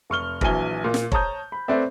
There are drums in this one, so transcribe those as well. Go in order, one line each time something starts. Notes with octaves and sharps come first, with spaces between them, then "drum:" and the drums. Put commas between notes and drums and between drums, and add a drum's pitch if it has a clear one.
F1 C#6 F6 G7
A#1 E3 F#3 G#5 G7, drum: kick
A#2
drum: snare
C#5 A5 A#5 D#6 G6, drum: kick
B5
A3 C4 B4 D5 E5